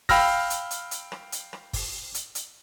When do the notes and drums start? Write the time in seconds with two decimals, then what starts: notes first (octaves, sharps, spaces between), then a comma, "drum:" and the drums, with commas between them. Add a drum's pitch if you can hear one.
0.09 F5 G5 B5 E6 F6 A#6, drum: kick, open hi-hat
0.50 drum: hi-hat
0.71 drum: hi-hat
0.91 drum: hi-hat
1.12 drum: rim click
1.32 drum: hi-hat
1.53 drum: rim click
1.73 drum: kick, open hi-hat
2.14 drum: hi-hat
2.35 drum: hi-hat